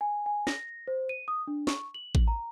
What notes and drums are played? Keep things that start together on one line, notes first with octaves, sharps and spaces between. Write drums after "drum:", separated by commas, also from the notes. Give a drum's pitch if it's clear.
G#5
G#5
A#6, drum: snare
C5
D#7
D#6
D4
C#6, drum: snare
F#7
drum: kick A1
A#5